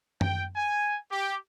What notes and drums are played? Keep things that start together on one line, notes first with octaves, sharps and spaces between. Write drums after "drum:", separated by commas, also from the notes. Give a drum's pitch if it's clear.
G5, drum: tom F#2
G#5
G4